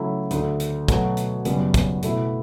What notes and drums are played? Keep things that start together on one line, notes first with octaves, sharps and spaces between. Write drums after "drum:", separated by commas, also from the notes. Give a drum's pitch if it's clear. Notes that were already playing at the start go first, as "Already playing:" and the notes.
Already playing: C#3 F#3 A3 E4
D2 D3 A3, drum: hi-hat
drum: hi-hat
B2 F#3 A3, drum: kick, hi-hat
drum: hi-hat
F#1 F#2 C#3 G3 B3, drum: hi-hat
drum: kick, hi-hat
B2 A3 E4 A4, drum: hi-hat